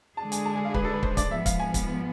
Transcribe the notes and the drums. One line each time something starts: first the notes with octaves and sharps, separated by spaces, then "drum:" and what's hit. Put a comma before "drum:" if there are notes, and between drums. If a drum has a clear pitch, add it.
D3 G#3 D4 G#4 A5
G#5, drum: hi-hat
A5
G#5
F5
B4, drum: kick
A4
B4
C5, drum: kick
D5, drum: kick, hi-hat
G#2 F3 B3 E5
F5, drum: kick, hi-hat
G#5
drum: kick, hi-hat